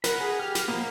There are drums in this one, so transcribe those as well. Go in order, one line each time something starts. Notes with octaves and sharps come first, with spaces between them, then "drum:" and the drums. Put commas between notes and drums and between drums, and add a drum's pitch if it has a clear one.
A#4 F#5 B5, drum: snare
G#4
G4 F6
drum: snare
F3 G#3 A#3 B3